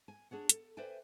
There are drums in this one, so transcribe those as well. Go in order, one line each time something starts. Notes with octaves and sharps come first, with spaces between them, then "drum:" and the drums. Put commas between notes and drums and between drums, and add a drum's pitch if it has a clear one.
G#5
D4 G#4 C#5 F#5
A4, drum: hi-hat
B4 C5 D5 E5 G5 G#5